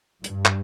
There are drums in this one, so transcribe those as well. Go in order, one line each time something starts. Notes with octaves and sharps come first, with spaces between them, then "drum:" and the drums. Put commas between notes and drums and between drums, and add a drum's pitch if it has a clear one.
G2, drum: hi-hat
drum: clap